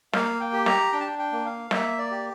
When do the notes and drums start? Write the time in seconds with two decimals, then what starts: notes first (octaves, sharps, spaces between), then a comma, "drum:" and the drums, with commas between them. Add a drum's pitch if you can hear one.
0.13 A#3 F5, drum: snare
0.40 G5
0.53 G4
0.66 A#5, drum: snare
0.92 D4 G5
1.00 A5
1.07 G5
1.19 G5
1.32 A#3
1.46 F5
1.71 A#3 E5, drum: snare
1.98 D5
2.11 G4